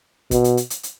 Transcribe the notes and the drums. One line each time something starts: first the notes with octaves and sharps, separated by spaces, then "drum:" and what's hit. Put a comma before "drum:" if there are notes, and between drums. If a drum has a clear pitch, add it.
B2, drum: kick, hi-hat
drum: hi-hat
drum: hi-hat
drum: hi-hat
drum: hi-hat